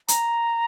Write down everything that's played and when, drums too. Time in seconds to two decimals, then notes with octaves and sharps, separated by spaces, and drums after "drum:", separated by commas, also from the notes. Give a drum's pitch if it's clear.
0.08 A#5, drum: hi-hat